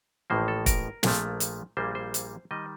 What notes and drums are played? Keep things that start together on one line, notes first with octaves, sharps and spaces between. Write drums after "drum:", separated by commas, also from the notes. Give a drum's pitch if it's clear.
A1 A2 F3 A#3 C5
A4
A#4, drum: kick, hi-hat
A#1 A#2 F3 A3, drum: snare
drum: hi-hat
A#1 A#2 G3 A#3 C5
C5
drum: hi-hat
D#3 G3 D#5